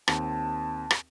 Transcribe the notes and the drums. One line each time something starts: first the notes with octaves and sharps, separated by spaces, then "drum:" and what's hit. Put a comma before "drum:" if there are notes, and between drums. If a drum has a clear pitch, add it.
D#2 C4 A5, drum: rim click
drum: rim click